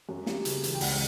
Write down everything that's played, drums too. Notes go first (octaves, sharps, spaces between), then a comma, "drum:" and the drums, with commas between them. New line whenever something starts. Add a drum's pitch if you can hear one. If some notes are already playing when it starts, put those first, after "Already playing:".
F#2
G3, drum: snare
C#3, drum: hi-hat
E3, drum: hi-hat
G5
C#2 F#5, drum: open hi-hat